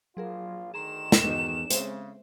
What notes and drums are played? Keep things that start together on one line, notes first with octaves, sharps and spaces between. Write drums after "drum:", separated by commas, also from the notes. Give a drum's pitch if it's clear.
A#1 F#3 F4 G#4 A#4
D2 D#3 G#4 A#5 C6 E7
drum: snare
E2 D#4 F#4 A4 D#5
C#3 G#3 C4 C5 E5, drum: hi-hat